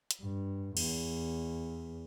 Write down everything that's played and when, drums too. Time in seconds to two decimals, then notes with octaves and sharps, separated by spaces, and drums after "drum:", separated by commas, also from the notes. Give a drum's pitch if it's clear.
0.11 drum: hi-hat
0.21 G2
0.77 E2, drum: cymbal